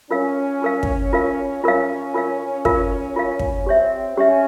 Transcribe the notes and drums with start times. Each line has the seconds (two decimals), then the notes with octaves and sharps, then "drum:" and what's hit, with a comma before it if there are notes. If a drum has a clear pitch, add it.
0.11 C#4 F4 A#4 F5
0.62 F4 A#4 F5
0.83 drum: kick
1.13 F4 A#4 F5
1.63 C#4 F4 A#4 F5
2.14 F4 A#4 F5
2.65 F4 A#4 F5, drum: kick
3.16 F4 A#4 F5
3.39 drum: kick
3.66 C4 G4 C#5 E5
4.17 C#4 G4 C#5 E5